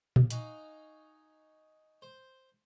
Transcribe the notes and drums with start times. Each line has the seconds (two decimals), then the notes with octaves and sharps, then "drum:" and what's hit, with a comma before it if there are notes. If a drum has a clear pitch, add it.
0.16 drum: tom A#2
0.30 D#4 F#4 F5 G#5, drum: hi-hat
2.02 C5